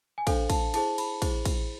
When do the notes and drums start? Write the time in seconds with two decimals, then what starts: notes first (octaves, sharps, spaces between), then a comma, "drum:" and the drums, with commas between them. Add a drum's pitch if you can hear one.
0.18 G#5
0.27 D4 A4 C5 F5, drum: kick, cymbal
0.50 A5, drum: kick, cymbal
0.74 E4 G#4 C5 A5, drum: cymbal
0.98 B5, drum: cymbal
1.22 E4 G#4 C5, drum: kick, cymbal
1.45 drum: kick, cymbal